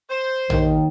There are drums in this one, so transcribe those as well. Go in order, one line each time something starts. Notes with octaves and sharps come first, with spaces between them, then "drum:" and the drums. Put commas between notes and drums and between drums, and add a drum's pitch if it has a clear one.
C5
D#2 D#3, drum: tom A#1